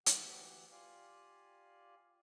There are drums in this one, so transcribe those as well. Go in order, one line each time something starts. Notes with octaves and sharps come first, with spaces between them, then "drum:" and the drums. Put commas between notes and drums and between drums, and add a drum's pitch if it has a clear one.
D2 E3 G4 F#5, drum: hi-hat
F4 G4 D5 F5 G#5